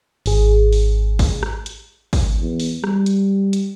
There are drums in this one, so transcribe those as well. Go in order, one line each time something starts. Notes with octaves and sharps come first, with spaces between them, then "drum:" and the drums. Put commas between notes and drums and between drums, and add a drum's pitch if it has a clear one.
G#1 G#4, drum: open hi-hat
drum: open hi-hat
drum: kick, open hi-hat
drum: rim click
drum: hi-hat
drum: kick, open hi-hat
E2
drum: open hi-hat
G3, drum: rim click
drum: hi-hat
drum: hi-hat